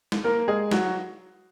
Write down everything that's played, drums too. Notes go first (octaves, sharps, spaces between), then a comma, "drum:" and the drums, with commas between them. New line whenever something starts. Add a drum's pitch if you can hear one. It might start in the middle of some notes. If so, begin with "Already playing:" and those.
drum: snare
A#3 A#4
G#3 G#4
F#3 F#4, drum: snare